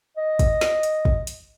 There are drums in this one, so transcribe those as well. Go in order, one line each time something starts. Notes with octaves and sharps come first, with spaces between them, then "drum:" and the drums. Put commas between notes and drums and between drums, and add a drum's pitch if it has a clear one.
D#5
drum: kick, hi-hat
drum: snare
drum: hi-hat
drum: kick
drum: hi-hat